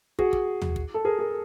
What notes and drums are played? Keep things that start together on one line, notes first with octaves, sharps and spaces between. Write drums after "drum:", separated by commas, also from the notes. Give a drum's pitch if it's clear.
F#4 G#4, drum: kick
drum: kick
drum: tom
drum: kick
A4
G#4 A#4
G#4 A#4